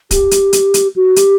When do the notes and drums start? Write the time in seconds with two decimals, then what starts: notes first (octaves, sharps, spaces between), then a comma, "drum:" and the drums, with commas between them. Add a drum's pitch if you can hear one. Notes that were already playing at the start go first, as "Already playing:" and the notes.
0.11 G4, drum: kick, hi-hat
0.31 drum: hi-hat
0.53 drum: hi-hat
0.74 drum: hi-hat
0.95 F#4
1.16 G4, drum: hi-hat